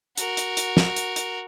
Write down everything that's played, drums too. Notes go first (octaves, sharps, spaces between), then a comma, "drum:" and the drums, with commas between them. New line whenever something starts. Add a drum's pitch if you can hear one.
F#4 A#4, drum: hi-hat
drum: hi-hat
drum: hi-hat
drum: snare
drum: hi-hat
drum: hi-hat